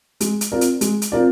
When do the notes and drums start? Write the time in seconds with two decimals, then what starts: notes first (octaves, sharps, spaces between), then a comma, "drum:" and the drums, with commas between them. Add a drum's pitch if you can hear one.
0.20 G#3, drum: hi-hat
0.41 drum: hi-hat
0.52 C4 F4 A#4 D5
0.61 drum: hi-hat
0.81 G#3, drum: hi-hat
1.02 drum: hi-hat
1.12 C4 F4 A#4 D5